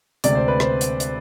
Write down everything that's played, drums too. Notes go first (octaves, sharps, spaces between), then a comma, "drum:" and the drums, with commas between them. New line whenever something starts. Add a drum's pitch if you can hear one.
D2 C3 G#3 D5, drum: hi-hat
C5
B4
C5, drum: rim click
drum: hi-hat
drum: hi-hat